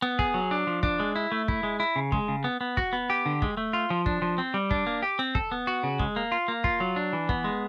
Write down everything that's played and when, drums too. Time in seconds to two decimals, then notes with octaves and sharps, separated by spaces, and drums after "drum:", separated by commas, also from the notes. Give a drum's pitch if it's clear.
0.02 B3
0.19 G#4, drum: kick
0.34 F#3
0.51 D4
0.67 F3
0.83 D4, drum: kick
1.00 G#3
1.16 E4
1.32 A3
1.48 E4, drum: kick
1.63 G#3
1.80 E4
1.96 C#3
2.12 G#3, drum: kick
2.28 C#3
2.44 B3
2.61 B3
2.77 F#4, drum: kick
2.93 B3
3.10 G4
3.26 D3
3.42 G#3, drum: kick
3.57 A3
3.73 F4
3.90 F3
4.06 D4, drum: kick
4.22 F3
4.38 C4
4.54 G3
4.71 D4, drum: kick
4.87 A#3
5.03 G4
5.19 C4
5.35 A4, drum: kick
5.52 B3
5.67 F#4
5.83 C#3
5.99 G#3, drum: kick
6.16 A#3
6.32 F4
6.48 A#3
6.64 F4, drum: kick
6.80 F#3
6.96 D4
7.13 E3
7.29 B3, drum: kick
7.44 G#3